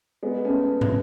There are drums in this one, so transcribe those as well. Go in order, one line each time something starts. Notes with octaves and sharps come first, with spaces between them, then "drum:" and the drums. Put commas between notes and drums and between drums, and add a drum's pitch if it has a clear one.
G#3 B3
A3 C#4
drum: tom